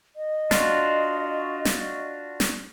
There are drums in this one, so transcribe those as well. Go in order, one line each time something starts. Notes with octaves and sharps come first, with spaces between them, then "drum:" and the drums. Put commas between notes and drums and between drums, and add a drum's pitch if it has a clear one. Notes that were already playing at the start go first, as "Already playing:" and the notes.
D#5
D4 F4 F#4, drum: snare
drum: snare
drum: snare